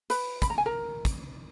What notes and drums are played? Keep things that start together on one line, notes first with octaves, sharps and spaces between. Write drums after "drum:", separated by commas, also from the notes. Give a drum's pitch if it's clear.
B4 B5, drum: hi-hat
B5, drum: kick, hi-hat
A#5
G#5
A#4 A#5
drum: kick, hi-hat